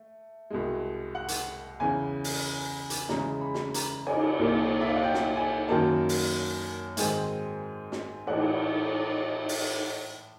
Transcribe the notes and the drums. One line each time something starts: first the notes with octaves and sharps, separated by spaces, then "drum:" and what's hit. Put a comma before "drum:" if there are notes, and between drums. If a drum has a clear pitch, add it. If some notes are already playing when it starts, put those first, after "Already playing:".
Already playing: A3
C2 B2 G#3
F#5
drum: hi-hat
E2 C#3 E3 G#5
drum: open hi-hat
drum: hi-hat
E2 C#3 E3 G#3 A#5, drum: snare
B5
drum: snare
A#5, drum: hi-hat
G#5, drum: cymbal
C2 A#2 F3 A#3
E5
F5
F#5
G5
drum: snare
G#5
F#2 D#3 F#3 A#3 A5
drum: open hi-hat
G#2 D#3 G#3 C4 G#5, drum: hi-hat
drum: snare
A2 E3 A3 F#5, drum: cymbal
drum: open hi-hat